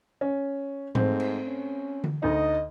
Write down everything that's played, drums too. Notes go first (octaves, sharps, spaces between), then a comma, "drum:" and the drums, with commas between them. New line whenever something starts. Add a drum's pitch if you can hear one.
C#4
G#2 A3 C4, drum: tom G#2
drum: cymbal
C#4
drum: tom D3
D2 D#4 D#5